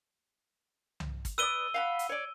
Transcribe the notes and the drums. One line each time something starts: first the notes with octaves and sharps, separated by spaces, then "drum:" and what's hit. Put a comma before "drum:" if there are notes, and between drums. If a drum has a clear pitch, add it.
drum: tom C2
drum: kick, hi-hat
B4 D5 D#6 E6 D#7 G7
F5 F#5 B5
drum: hi-hat
C#5 D5